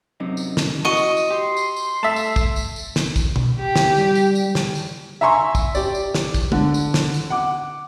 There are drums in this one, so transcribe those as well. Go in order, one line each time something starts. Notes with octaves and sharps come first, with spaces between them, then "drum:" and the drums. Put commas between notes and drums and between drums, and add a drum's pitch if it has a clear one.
F#2 C3 D#4
drum: tambourine
drum: snare
E4 F#4 D#5 C#6
drum: tambourine
drum: tambourine
G4 C6
drum: tambourine
drum: tambourine
A3 E5 A5
drum: tambourine
drum: kick, tambourine
drum: tambourine
drum: tambourine
drum: snare
drum: kick, tambourine
drum: tom
G4
drum: snare
G3, drum: tambourine
drum: tambourine
drum: tambourine
drum: snare
drum: tambourine
E5 G#5 A#5 C6 C#6 E6
drum: kick, tambourine
G4 D5, drum: tambourine
drum: tambourine
drum: snare
drum: kick, tambourine
D3, drum: tom
drum: tambourine
drum: snare
drum: tambourine
F#5 D6